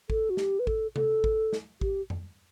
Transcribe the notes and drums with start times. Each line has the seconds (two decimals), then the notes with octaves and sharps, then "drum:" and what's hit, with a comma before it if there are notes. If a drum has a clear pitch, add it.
0.10 A4, drum: kick
0.30 F#4
0.37 G4, drum: snare
0.59 B4
0.67 A4, drum: kick
0.96 A4, drum: tom C3
1.24 drum: kick
1.53 drum: snare
1.81 G4, drum: kick
2.10 drum: tom F2